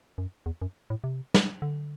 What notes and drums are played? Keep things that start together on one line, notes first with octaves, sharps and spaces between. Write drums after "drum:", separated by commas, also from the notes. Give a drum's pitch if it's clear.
F#2
E2
F#2
A2
C3
drum: snare
D3